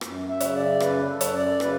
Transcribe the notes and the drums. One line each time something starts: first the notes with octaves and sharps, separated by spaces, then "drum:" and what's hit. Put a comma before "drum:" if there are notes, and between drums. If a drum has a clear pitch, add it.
F#2, drum: rim click
E5
C#3, drum: hi-hat
D5
F#2 B4, drum: rim click
A4
F#2, drum: hi-hat
D5
C#3 B4, drum: rim click